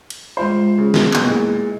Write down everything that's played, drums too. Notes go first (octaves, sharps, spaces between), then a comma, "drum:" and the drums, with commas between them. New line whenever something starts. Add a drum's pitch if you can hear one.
drum: cymbal
G#3 F4 C5 E5
C#3
drum: snare
C#2 B2 F#3 A#3, drum: clap
A#2 G#3 B3 E4 G#4